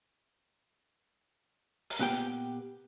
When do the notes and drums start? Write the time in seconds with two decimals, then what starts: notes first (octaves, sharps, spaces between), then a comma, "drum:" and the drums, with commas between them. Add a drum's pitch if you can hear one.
1.90 drum: open hi-hat
1.99 A#2 B3 G4 G5